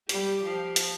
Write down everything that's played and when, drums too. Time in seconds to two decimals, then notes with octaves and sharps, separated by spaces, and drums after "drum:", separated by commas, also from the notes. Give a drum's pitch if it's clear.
0.09 G3 G4, drum: hi-hat
0.43 F3
0.76 drum: hi-hat